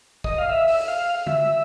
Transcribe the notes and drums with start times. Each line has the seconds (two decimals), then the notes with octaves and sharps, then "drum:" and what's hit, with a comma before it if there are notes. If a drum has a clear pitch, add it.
0.24 D#5, drum: kick
0.38 F5
0.49 E5
0.68 drum: open hi-hat
0.88 F5
1.27 E5, drum: tom D3